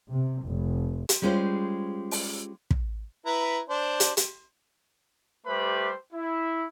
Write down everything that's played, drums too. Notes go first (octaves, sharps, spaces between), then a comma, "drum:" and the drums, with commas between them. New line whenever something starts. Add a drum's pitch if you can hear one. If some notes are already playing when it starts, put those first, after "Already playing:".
C3
F1
drum: hi-hat
G3 G#3 C#4 F4 C5
drum: open hi-hat
drum: kick
E4 B4 A#5
D4 C5
drum: hi-hat
drum: hi-hat
G3 A3 G4 B4 C5 B5
E4